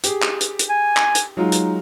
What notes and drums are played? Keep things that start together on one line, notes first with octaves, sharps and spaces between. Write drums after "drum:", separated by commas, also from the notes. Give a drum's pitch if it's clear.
G4 G#4, drum: hi-hat
drum: clap
drum: hi-hat
drum: hi-hat
G#5
drum: clap
drum: hi-hat
F#3 G#3 D#4 F4
drum: hi-hat